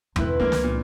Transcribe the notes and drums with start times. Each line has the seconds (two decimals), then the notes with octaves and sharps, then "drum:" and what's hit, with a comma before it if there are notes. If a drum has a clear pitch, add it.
0.16 E2 G2 C4 E4 B4, drum: tom E2
0.40 C#2 F3 A#3 D4 F6 G#6
0.52 drum: snare
0.64 A#2